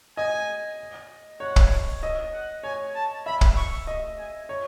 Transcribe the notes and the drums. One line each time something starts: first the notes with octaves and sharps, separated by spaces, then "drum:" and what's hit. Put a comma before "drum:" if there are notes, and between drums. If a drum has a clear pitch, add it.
D#5 G#5
C#5 F#5
drum: kick
D#5 E5
F#5
C#5 G#5
A5
E5 B5
drum: kick
C#6
D#5
G#5
C#5